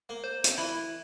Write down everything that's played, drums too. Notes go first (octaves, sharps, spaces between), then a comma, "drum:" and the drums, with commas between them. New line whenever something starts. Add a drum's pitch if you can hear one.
A#3
C5
D7, drum: hi-hat
E3 E4